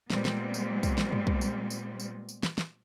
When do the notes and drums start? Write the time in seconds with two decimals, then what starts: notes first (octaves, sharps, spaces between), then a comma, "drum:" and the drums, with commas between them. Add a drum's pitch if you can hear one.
0.10 A#2 G3 G#3 B3 C4, drum: snare
0.25 drum: snare
0.54 drum: tambourine
0.83 drum: kick, tambourine
0.98 drum: snare
1.12 drum: tom G2
1.27 drum: kick
1.41 drum: tambourine
1.70 drum: tambourine
2.00 drum: tambourine
2.29 drum: tambourine
2.43 drum: snare
2.58 drum: snare